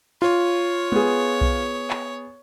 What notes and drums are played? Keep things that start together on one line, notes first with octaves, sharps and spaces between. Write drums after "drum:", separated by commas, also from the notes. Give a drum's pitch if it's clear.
F4 C#5
B3 G#4, drum: tom G#3
drum: kick B1
drum: clap